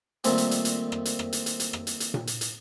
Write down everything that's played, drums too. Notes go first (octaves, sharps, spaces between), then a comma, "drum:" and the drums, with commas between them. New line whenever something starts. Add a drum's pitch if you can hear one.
A#2 D#3 F3 G3 A3 C4, drum: hi-hat
drum: hi-hat
drum: hi-hat
drum: hi-hat
drum: rim click
drum: hi-hat
drum: rim click
drum: hi-hat
drum: hi-hat
drum: hi-hat
drum: rim click
drum: hi-hat
drum: hi-hat
drum: tom A#2
drum: hi-hat
drum: hi-hat